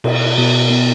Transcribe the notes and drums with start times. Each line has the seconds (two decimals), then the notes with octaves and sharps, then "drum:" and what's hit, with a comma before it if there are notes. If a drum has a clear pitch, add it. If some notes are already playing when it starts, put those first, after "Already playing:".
0.04 B2, drum: cymbal
0.38 B2
0.70 B3